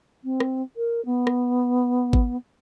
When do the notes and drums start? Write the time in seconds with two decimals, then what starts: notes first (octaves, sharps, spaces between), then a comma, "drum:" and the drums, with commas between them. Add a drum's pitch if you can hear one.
0.24 C4
0.40 drum: rim click
0.77 A#4
1.05 B3
1.27 drum: rim click
2.13 drum: kick G#1